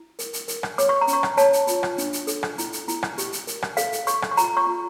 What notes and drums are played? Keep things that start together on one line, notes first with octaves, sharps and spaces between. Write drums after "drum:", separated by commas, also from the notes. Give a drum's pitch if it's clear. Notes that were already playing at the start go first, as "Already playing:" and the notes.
Already playing: E4
A#4, drum: hi-hat
drum: hi-hat
A#4, drum: hi-hat
drum: rim click
C#5 D6, drum: hi-hat
C#6
A#5
C#4, drum: hi-hat
C#6
drum: rim click
C#5 A5, drum: hi-hat
drum: hi-hat
F4, drum: hi-hat
drum: rim click
D4, drum: hi-hat
drum: hi-hat
A4, drum: hi-hat
drum: rim click
E4, drum: hi-hat
drum: hi-hat
E4, drum: hi-hat
drum: rim click
G4, drum: hi-hat
drum: hi-hat
A#4, drum: hi-hat
drum: rim click
A4 F5, drum: hi-hat
drum: hi-hat
A4 C#6, drum: hi-hat
drum: rim click
C#6
F4 A#5, drum: hi-hat
C#6
F4